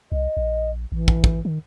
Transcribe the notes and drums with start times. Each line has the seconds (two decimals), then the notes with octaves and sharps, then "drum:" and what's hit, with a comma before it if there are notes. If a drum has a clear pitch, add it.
0.12 C2 D#5
0.37 A#1
0.92 A1 E3
1.08 drum: kick
1.24 drum: kick
1.45 D#3